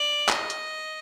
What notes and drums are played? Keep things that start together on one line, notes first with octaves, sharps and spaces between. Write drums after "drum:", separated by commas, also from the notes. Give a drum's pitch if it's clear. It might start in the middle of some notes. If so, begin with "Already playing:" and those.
Already playing: D5
D#5, drum: clap
drum: hi-hat